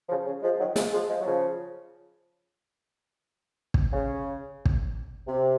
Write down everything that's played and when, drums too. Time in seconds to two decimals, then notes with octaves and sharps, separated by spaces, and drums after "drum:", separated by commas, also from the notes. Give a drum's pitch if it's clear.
0.09 C#3 F3
0.26 C#3
0.42 F3 G#3
0.59 D#3 F#3
0.76 F3 G#3, drum: snare
0.92 F3 G#3
1.09 F3 G#3
1.20 F#3
1.25 C#3 F3
3.74 drum: kick
3.93 C#3
4.65 drum: kick
5.27 C3